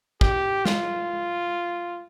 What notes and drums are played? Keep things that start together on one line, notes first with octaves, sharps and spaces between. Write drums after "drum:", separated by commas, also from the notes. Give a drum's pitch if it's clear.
G4, drum: kick
F4, drum: snare